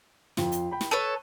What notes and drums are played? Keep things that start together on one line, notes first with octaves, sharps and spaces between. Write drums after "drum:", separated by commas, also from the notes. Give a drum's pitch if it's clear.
F2 F4, drum: snare
drum: hi-hat
G5 B5
drum: snare
A4 B4 C#5 D#7